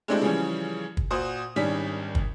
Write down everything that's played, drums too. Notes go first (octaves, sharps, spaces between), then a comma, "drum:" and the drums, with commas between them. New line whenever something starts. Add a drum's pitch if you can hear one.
G#3 A3 C4 D4 E4 G4
C#3 E3 F3 G3 C#4
drum: kick
A#2 F#4 C5 D#6
G#1 D#3 G3 C#4 D4 B6
drum: kick